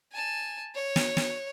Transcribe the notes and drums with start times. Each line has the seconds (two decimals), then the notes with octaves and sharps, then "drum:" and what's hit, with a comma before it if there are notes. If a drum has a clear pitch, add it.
0.12 G#5 A5
0.75 C#5
0.96 drum: snare
1.17 drum: snare